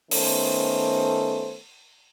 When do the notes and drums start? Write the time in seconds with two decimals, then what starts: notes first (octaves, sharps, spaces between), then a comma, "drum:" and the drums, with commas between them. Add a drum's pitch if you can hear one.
0.11 D#3 A3 B3 C#4 A4 C5, drum: open hi-hat